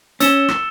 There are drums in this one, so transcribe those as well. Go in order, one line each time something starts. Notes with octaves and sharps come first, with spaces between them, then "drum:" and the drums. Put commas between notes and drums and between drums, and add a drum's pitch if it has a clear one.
C#4 E6 A6 C#7 E7 G7, drum: hi-hat
drum: rim click